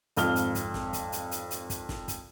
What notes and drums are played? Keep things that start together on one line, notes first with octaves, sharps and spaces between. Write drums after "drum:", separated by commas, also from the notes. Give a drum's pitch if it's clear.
G#1 F2 F6 G7, drum: hi-hat
drum: hi-hat
drum: kick, hi-hat
drum: snare
drum: kick, hi-hat
drum: hi-hat
drum: hi-hat
drum: hi-hat
drum: kick, hi-hat
drum: snare
drum: kick, hi-hat